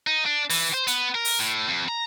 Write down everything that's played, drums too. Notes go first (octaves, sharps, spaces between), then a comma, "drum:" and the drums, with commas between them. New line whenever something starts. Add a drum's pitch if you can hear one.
D#4
D4
E3, drum: open hi-hat
C5
B3, drum: hi-hat
A#4
drum: open hi-hat
A2
F2
A#5